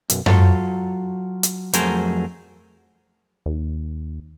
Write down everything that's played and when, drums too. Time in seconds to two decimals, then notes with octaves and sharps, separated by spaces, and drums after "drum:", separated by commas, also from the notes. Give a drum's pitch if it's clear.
0.10 B1 F#2, drum: hi-hat
0.26 F#3 F4 A4 C#5, drum: tom F#2
1.43 drum: hi-hat
1.73 F2 F#3 A3 G#4 A#4 C5, drum: hi-hat
3.46 D#2